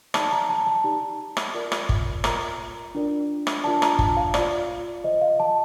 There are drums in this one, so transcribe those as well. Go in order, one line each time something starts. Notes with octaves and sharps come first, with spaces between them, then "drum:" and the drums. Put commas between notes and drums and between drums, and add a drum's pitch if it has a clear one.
D#4 G4 D5 A5, drum: rim click
A#5
A5
A5
D#4 G4 D5
drum: rim click
F4 A#4 D5
drum: rim click
drum: kick G1
F4 A#4 D5 A#5, drum: rim click
D4 F4 A#4 D5
drum: rim click
D4 F4 A#4 D5 A5
A#5, drum: rim click
A5, drum: kick G1
F5
F4 C5 D5, drum: rim click
F4 C5 D#5
F5
A5